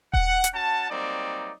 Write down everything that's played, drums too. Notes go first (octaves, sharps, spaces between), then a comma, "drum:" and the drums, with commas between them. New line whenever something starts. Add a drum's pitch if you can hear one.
F#5, drum: kick D#1
drum: hi-hat
C#4 F#4 F#5 A5
F#3 G3 A#3 C4 D#4 D5